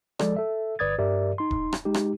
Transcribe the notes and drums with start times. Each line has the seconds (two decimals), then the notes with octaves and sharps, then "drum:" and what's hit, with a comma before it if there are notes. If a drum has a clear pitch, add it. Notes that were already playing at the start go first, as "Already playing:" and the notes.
0.19 F3 G#3 A4 D5, drum: rim click
0.36 A4 E5
0.79 G1 B4 D5 D#6 G#6 A6
0.99 G2 G4 A#4 D5 E5
1.38 D#4 C6
1.51 drum: kick D#1
1.73 drum: rim click
1.85 G#3 D#4 G4
1.94 drum: rim click